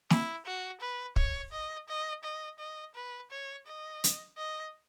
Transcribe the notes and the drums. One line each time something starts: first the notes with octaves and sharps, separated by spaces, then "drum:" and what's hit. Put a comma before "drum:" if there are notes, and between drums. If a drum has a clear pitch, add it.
E4, drum: snare
F#4
B4
C#5, drum: kick
D#5
D#5
D#5
D#5
B4
C#5
D#5
drum: hi-hat
D#5